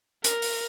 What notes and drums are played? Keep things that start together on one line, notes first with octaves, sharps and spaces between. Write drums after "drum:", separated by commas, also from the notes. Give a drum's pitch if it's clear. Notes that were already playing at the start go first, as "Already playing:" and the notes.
A#4, drum: hi-hat
drum: open hi-hat